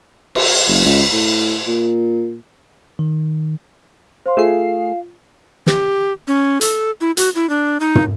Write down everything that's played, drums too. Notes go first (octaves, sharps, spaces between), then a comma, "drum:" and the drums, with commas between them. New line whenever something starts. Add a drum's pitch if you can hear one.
drum: cymbal
F#1
C#2
A2
A#2
D#3
C5 F5 C6
A3 F4 G#4 C7 E7
G4, drum: snare
C#4
A4, drum: hi-hat
E4
F#4, drum: hi-hat
E4
D4
D#4
drum: tom